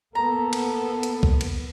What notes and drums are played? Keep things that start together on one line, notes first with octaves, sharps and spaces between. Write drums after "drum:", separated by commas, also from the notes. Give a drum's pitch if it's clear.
A#3 B3 A4 A#5
drum: cymbal
drum: hi-hat
drum: kick C2
drum: cymbal